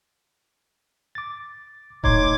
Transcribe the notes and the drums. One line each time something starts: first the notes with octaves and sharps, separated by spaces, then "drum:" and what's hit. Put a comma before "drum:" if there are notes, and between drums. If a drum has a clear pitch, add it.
D6 A6
A2 D#4 C#5 C6 D6 G#6, drum: kick D#1